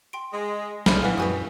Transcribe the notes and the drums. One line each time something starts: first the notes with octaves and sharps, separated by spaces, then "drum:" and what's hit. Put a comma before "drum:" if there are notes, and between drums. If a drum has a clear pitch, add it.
G5 C6 D7
G#3
C2 A#2 C#3 G#3 B5 F6, drum: snare
A#2 E3 F5 F#5
F#2 F#4 G4 B4 G#5 D#6